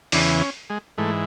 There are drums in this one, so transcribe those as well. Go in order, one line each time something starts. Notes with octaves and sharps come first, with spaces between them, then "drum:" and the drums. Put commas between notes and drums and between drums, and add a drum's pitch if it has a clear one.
E2 C#3 E3 D4, drum: open hi-hat
C#4
G#3
G#2 E3 A3